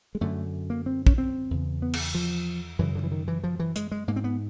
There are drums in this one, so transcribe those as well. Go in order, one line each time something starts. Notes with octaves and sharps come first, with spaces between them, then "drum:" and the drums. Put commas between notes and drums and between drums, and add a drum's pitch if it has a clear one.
G#3
F#2 D3 A3
A#3
C4
C#4, drum: kick
C4
E2 C#3
B3
drum: cymbal
F3
F#2 C#3 E3
D3
E3
D#3
E3
F3
E3
G#3, drum: hi-hat
G#3
G#2 A#3
C4
B3